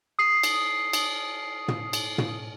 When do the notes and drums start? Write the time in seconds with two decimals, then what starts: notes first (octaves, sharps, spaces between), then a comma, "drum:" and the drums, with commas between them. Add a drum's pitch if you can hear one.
0.19 D#6 C7
0.43 drum: cymbal
0.93 drum: cymbal
1.68 drum: tom
1.93 drum: cymbal
2.18 drum: tom